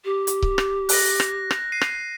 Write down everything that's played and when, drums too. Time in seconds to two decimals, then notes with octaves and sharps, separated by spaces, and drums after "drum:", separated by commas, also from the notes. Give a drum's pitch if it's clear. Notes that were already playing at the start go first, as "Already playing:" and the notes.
0.05 G4
0.27 drum: hi-hat
0.42 drum: kick C#1
0.58 drum: rim click
0.89 F#6 A#6, drum: open hi-hat
1.20 drum: rim click
1.51 drum: rim click
1.72 C7 D#7
1.81 drum: rim click